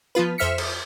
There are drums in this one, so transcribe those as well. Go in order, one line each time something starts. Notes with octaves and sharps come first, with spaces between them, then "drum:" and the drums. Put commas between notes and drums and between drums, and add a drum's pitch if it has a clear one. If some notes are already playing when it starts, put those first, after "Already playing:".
F3 B3 F4 B4
F2 C5 E5 F6 B6 C#7
drum: cymbal